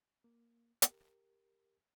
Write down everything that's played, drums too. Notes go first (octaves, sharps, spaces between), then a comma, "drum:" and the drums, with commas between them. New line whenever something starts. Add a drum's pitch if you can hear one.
A#3
G4 A#4, drum: hi-hat